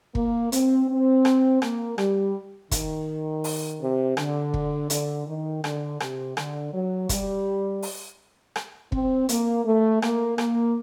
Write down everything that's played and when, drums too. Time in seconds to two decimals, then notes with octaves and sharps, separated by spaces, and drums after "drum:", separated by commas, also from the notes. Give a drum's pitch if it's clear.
0.15 A#3, drum: kick
0.52 C4, drum: hi-hat
0.88 C4
1.25 drum: rim click
1.62 A#3, drum: rim click
1.98 G3, drum: rim click
2.71 D#3, drum: kick, hi-hat
3.44 drum: open hi-hat
3.80 C3
4.17 D3, drum: rim click
4.54 drum: kick
4.90 D3, drum: hi-hat
5.27 D#3
5.64 D3, drum: rim click
6.00 C3, drum: rim click
6.37 D3, drum: rim click
6.73 F#3
7.09 G3, drum: kick, hi-hat
7.82 drum: open hi-hat
8.56 drum: rim click
8.92 C4, drum: kick
9.29 A#3, drum: hi-hat
9.65 A3
10.02 A#3, drum: rim click
10.38 A#3, drum: rim click